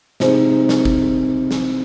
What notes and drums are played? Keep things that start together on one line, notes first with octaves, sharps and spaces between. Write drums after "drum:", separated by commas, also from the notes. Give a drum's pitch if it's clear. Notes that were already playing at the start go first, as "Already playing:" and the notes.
C3 G#3 D#4 C5, drum: snare
drum: snare
drum: kick G#1
drum: snare